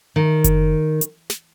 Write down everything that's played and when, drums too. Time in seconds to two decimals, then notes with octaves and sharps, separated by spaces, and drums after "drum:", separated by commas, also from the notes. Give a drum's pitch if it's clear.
0.16 D#3
0.44 drum: kick F#1, hi-hat
1.01 drum: hi-hat
1.30 drum: snare